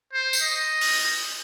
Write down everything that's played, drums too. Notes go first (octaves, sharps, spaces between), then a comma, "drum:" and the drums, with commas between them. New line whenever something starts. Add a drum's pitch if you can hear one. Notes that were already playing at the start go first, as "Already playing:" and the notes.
C5
drum: tambourine
D#5
drum: open hi-hat